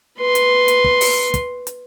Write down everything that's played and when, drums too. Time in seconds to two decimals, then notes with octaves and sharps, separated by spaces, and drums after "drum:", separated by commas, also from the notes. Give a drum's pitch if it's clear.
0.19 B4 C6
0.35 drum: hi-hat
0.68 drum: hi-hat
0.84 drum: kick
1.01 drum: open hi-hat
1.34 drum: kick, hi-hat
1.67 drum: hi-hat